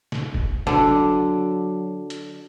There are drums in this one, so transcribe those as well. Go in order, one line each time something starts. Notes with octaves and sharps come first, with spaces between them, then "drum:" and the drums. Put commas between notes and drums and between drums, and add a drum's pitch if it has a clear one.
drum: snare
drum: kick F1
D3 F#3, drum: snare
drum: hi-hat